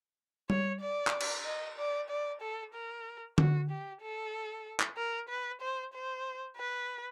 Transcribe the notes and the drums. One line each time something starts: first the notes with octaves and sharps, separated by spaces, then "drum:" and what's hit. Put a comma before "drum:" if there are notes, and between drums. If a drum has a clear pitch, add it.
C#5, drum: tom G3
D5
drum: clap
drum: cymbal
D#5
D5
D5
A4
A#4
F#4, drum: tom D3
G4
A4
drum: clap
A#4
B4
C5
C5
B4